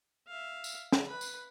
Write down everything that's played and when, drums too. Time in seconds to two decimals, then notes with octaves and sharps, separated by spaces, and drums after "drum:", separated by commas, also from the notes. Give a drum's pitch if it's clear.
0.27 E5 F5
0.64 drum: tambourine
0.92 drum: snare
1.07 B4 B5
1.21 drum: tambourine